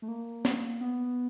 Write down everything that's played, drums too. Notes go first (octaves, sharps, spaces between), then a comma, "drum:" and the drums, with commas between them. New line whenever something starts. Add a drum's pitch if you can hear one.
A3
A#3
drum: snare
B3